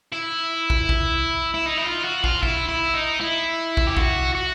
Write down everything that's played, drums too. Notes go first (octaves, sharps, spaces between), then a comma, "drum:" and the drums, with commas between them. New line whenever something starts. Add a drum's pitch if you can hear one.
E4
drum: kick
drum: kick
E4
D#4
E4
F4
F#4
F4, drum: kick
E4, drum: kick
E4
D#4
E4
drum: kick
G4
F#4, drum: kick
F#4